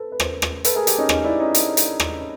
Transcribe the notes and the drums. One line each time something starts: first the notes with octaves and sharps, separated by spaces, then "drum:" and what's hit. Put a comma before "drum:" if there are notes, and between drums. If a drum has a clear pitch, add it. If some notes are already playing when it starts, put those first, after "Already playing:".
Already playing: A4 B4 C5
B4
A#4 C5, drum: rim click
drum: rim click
A4 B4, drum: hi-hat
G#4 A#4
G4 A4, drum: hi-hat
C#4 D#4
C#4 D#4, drum: rim click
D4 E4
C#4 D#4
drum: hi-hat
drum: hi-hat
drum: rim click